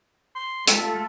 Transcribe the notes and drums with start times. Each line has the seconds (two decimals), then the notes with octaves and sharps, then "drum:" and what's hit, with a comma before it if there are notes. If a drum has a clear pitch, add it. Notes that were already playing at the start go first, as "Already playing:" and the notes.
0.35 C6
0.68 A3 F4 A4 E5, drum: hi-hat